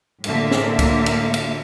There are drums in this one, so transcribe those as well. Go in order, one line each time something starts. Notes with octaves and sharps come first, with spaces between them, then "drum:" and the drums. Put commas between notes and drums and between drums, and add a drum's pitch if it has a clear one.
A2 D3 A#3 E5, drum: cymbal
drum: snare
drum: kick C#2, cymbal
drum: cymbal
drum: cymbal